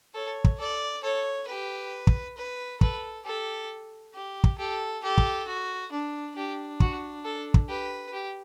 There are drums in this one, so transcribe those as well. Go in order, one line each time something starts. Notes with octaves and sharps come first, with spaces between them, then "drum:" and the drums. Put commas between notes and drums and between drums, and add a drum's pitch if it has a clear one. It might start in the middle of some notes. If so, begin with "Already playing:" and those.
A4 C#5
drum: kick
A4 D5
A4 C#5
G4 B4
drum: kick
B4
A4 B4, drum: kick
G4 A4
G4
drum: kick
G4 A4
G4 A4
drum: kick
F#4
D4
D4 G4
F#4, drum: kick
A4
drum: kick
G4 B4
G4